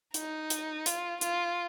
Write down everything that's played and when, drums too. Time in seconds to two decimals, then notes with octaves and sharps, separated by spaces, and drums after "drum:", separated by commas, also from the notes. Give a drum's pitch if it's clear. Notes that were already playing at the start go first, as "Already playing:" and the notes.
0.14 D#4, drum: hi-hat
0.50 drum: hi-hat
0.86 F4, drum: hi-hat
1.21 F4, drum: hi-hat